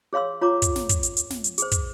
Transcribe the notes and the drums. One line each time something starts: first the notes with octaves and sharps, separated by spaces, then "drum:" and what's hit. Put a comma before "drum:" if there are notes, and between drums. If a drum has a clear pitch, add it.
G#4 C#5 F5 C6 E6
F4 C#5 A#5 D6
drum: kick, hi-hat
drum: snare
drum: kick, hi-hat
drum: hi-hat
drum: hi-hat
drum: snare
drum: hi-hat
G#4 C5, drum: hi-hat
drum: kick, hi-hat